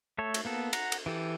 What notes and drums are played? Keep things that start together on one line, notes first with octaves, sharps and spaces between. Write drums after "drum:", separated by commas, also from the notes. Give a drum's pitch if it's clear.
A3 A4 C#5
drum: cymbal
A#3 B3 A4
F#5 A#5, drum: cymbal
drum: cymbal
E3 G4 A4